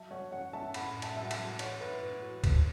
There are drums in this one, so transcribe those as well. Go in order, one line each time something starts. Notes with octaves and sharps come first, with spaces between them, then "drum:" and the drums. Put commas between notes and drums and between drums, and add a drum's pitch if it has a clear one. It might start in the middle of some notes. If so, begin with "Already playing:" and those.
Already playing: F#3 E5 A5
F#3 C#5 F#5
F#2 C#5 F#5
F#2 E5 A5
A2 F#5 B5, drum: cymbal
A2
E5 A5, drum: cymbal
F#3 E5
F#5
E5 A5, drum: cymbal
F#3
E3 C#5 F#5, drum: cymbal
A2 B4 E5
A2 E4
E3 F#4
E2, drum: kick, cymbal